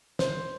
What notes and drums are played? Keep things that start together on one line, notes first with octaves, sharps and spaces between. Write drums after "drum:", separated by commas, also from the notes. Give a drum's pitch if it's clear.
C5, drum: snare